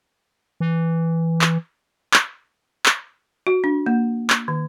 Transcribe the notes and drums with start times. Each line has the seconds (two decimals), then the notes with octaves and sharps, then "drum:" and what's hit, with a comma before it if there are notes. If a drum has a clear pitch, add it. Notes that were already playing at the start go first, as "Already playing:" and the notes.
0.60 E3
1.41 drum: clap
2.14 drum: clap
2.86 drum: clap
3.47 F#4
3.64 D4
3.86 A#3
4.30 drum: clap
4.48 D#3